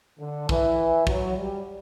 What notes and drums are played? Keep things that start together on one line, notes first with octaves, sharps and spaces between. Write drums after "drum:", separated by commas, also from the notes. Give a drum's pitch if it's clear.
D3
E3, drum: kick
F#3, drum: kick
G3